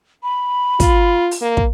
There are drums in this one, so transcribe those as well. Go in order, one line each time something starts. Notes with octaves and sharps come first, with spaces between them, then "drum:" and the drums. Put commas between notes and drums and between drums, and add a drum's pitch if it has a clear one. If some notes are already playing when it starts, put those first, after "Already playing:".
B5
F4, drum: kick, hi-hat
drum: open hi-hat
A#3
drum: kick